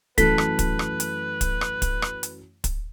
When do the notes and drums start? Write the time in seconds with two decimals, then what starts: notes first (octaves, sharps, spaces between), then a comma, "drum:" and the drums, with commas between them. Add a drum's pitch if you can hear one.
0.18 F#2 E3 A3 A4 B4 B6, drum: kick, hi-hat
0.38 drum: rim click
0.59 drum: kick, hi-hat
0.79 drum: rim click
1.00 drum: hi-hat
1.41 drum: kick, hi-hat
1.61 drum: rim click
1.82 drum: kick, hi-hat
2.02 drum: rim click
2.23 drum: hi-hat
2.64 drum: kick, hi-hat